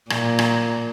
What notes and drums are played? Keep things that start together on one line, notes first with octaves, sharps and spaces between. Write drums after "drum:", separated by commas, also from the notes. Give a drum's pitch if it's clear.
A#2, drum: rim click
drum: rim click